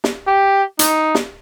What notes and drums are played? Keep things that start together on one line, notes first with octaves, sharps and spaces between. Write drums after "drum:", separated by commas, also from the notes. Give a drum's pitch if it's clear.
drum: snare
G4
D#4, drum: hi-hat
drum: snare